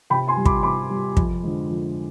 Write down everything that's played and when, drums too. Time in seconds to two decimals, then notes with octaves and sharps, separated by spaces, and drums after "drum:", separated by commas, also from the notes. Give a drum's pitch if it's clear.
0.10 C3 G5 B5
0.28 G#5 C6
0.37 G3
0.46 B5 D6, drum: kick
0.63 C3 B5 D6
0.90 G3
1.17 F2, drum: kick
1.43 D3 F3 G#3
1.70 F2